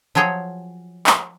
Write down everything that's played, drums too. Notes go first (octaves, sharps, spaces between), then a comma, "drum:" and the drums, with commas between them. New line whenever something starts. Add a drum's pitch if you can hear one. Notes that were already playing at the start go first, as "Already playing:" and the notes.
F3 F#3 G#4 C#5 G5
drum: clap